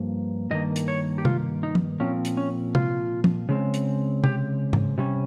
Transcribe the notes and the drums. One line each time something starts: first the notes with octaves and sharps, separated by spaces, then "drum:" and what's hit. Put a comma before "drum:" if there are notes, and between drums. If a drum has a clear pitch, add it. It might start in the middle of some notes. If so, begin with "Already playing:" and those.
Already playing: G2 F3 A#3
G2 D#3 A#3 D#5
drum: hi-hat
C#5
G4
F4, drum: tom C3
D#4
drum: tom
A#2 F3 C4 C#4
drum: hi-hat
C#4
F4, drum: tom C3
drum: tom
C#3 G#3 C4
drum: hi-hat
G4, drum: tom C3
drum: tom
C3 G3 C#4